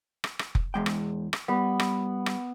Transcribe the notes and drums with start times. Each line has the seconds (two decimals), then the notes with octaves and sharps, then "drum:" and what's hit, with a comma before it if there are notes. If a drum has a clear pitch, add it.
0.24 drum: rim click
0.39 drum: rim click
0.55 drum: kick F1
0.74 E2 G#3 G5
0.86 drum: rim click
1.33 drum: rim click
1.48 G3 B3
1.80 drum: rim click
2.26 drum: rim click